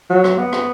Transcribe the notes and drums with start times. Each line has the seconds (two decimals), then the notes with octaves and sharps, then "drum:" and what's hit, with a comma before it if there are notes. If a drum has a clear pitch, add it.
0.10 F#3
0.24 drum: rim click
0.39 B3
0.53 drum: rim click